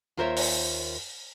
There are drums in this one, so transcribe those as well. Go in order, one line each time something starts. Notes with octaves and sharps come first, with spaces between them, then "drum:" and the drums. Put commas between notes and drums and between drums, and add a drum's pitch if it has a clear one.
D#2 F4 A#4 C5 C#5 E5
drum: open hi-hat